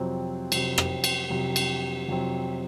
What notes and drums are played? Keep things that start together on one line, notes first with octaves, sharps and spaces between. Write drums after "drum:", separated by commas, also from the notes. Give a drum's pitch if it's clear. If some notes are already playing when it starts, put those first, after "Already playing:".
Already playing: F2 C3 F#3 C4
F2 C3 F#3 C4, drum: cymbal
drum: rim click
drum: cymbal
F2 C3 F#3 C4
drum: cymbal
F2 C3 F#3 C4